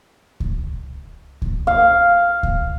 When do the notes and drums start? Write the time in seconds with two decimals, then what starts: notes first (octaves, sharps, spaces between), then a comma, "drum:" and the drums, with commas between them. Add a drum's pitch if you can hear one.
0.40 drum: kick C#2
1.42 drum: kick C#2
1.67 F5
2.43 drum: kick C#2